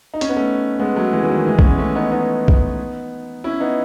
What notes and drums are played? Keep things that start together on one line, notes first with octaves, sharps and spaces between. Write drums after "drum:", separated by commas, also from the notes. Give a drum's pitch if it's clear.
D#4
C#4, drum: hi-hat
B3
A3 C#4
G#3 B3
F#3 A3
E3 G#3
E3
D#3 F#3
E3 G#3
C#4, drum: kick B1
G#3 B3
A3 C#4
B3 D#4
B3 D#4
drum: kick B1
C#4 E4
B3 D#4